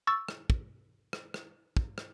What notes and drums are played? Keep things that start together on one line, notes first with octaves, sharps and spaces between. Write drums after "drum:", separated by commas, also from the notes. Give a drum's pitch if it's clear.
C#6 E6 A6
drum: rim click
drum: kick
drum: rim click
drum: rim click
drum: kick
drum: rim click